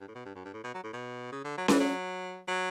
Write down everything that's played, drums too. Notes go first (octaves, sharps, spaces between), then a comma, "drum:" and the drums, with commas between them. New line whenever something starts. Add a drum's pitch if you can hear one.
G2
A2
B2
G2
F#2
G2
A2
B2
F#3
A2
B2
C#3
D3
F#3
E3, drum: snare C#4
F#3
F#3